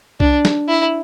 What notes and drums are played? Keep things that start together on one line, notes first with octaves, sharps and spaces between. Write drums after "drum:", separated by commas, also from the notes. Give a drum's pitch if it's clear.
D4, drum: kick C2
drum: snare
E4